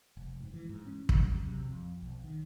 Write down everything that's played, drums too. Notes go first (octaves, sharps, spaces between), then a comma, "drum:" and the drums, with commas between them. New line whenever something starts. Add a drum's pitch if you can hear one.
F1
G#2
E3
G#2
C#4
B2, drum: kick
F#3
C3
F2
B1
D#3